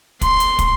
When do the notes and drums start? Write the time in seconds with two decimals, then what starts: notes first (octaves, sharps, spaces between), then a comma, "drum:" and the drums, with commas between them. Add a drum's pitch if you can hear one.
0.21 C6, drum: kick, hi-hat
0.40 drum: hi-hat
0.59 drum: kick, hi-hat